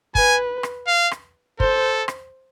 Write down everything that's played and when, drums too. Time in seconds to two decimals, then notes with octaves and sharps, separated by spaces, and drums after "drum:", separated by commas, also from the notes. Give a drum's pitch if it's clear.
0.15 B4 G#5, drum: kick
0.63 drum: rim click
0.87 F5
1.11 drum: rim click
1.60 A4 C5, drum: kick
2.08 drum: rim click